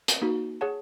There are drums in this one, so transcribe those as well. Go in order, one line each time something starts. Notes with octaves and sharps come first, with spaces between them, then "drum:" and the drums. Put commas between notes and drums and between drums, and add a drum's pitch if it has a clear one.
drum: hi-hat
A#3 D#4 F#4
G#4 C#5 F#5 A5